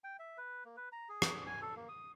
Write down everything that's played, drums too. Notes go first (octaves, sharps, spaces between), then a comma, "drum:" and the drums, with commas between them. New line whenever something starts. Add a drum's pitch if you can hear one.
G5
E5
B4
A#3
B4
A#5
G#4
drum: rim click
G#5
A4
A#3
D#6